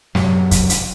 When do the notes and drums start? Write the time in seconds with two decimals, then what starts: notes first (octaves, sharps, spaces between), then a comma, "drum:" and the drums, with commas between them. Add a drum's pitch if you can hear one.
0.15 F#2 C3 F#3, drum: snare
0.51 drum: kick, hi-hat
0.70 drum: hi-hat